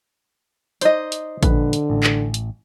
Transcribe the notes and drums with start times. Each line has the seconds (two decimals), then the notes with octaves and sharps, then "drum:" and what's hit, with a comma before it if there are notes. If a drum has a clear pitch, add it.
0.81 D#4 C5 D5 D#5, drum: hi-hat
1.12 drum: hi-hat
1.43 A#1 D3 B4, drum: kick A1, hi-hat
1.73 drum: hi-hat
1.90 A1
2.04 drum: clap
2.34 drum: hi-hat